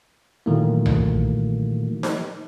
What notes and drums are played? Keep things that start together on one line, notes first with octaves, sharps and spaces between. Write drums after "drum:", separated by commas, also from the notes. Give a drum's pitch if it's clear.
A#2 D#3 E3 F#3 A3 A#3
drum: tom B1
drum: snare D#4